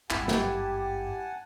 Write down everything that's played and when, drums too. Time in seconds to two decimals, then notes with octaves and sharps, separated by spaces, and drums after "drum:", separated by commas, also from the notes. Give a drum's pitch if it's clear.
0.10 G#1 G2 E4 G4 F#5 G#5 A5, drum: clap
0.28 drum: snare